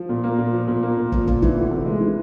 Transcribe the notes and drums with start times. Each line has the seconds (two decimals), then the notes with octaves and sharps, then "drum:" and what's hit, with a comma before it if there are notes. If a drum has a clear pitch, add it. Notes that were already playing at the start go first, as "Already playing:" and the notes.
Already playing: F3
0.09 A#2
0.24 A#3
0.38 A#2
0.53 F3
0.68 A#2
0.83 A#3
0.97 A#2
1.12 F3, drum: kick
1.27 A#2, drum: kick
1.42 E3, drum: kick
1.57 D2
1.71 C3
1.86 G#3
2.00 E3